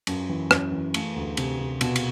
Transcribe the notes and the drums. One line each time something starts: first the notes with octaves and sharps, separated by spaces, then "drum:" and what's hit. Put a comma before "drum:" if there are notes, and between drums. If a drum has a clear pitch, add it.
F#2, drum: cymbal
E3
F#2, drum: rim click
E3
A3, drum: cymbal
D2
C3, drum: cymbal
C3
B2, drum: cymbal
drum: cymbal